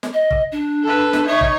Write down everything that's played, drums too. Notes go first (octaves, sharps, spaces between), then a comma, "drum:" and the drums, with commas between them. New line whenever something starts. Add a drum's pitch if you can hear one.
drum: snare
D#5
drum: kick
D4
A4 B4
drum: snare
D#4 C#5 E5
drum: kick